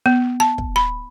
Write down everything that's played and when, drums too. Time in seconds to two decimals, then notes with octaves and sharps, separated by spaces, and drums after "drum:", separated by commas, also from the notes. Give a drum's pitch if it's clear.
0.06 B3
0.40 A5
0.58 drum: kick
0.76 B5